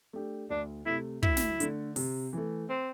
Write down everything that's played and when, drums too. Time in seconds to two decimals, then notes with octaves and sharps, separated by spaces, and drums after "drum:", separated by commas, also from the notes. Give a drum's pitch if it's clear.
0.13 A3 D4 G4
0.50 D2 D4
0.86 C3 A3 E4
1.23 D2 E4, drum: kick
1.37 drum: snare
1.60 D3 A3, drum: hi-hat
1.96 C3, drum: open hi-hat
2.33 E3 A3
2.70 C4